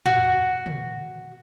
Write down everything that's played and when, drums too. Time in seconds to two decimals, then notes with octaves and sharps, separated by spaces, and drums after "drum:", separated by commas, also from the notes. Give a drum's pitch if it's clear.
0.06 F#4, drum: tom
0.66 drum: tom